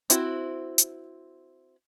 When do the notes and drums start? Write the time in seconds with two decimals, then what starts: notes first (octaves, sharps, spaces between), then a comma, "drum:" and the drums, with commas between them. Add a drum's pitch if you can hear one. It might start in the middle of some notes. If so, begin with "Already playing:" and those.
0.10 C4 E4 F#4, drum: hi-hat
0.78 drum: hi-hat